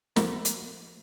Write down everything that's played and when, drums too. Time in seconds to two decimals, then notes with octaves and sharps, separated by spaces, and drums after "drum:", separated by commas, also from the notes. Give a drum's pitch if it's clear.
0.16 G#2 D#3 F3 A#3 E4 F#4, drum: snare
0.45 drum: hi-hat